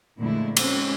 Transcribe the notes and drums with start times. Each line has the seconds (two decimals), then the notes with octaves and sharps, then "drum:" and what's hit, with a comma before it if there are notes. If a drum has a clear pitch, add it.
0.19 F2 A#2 D3 G#3 A3 E4
0.57 G#3 C4 C#4, drum: cymbal